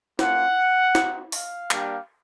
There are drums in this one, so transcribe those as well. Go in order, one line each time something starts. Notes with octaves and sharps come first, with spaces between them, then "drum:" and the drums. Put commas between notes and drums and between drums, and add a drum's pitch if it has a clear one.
A#3 C#4 F4 F#5, drum: snare
C4 D#4 F#4, drum: snare
F5, drum: open hi-hat
G3 A#3 D4 G4, drum: clap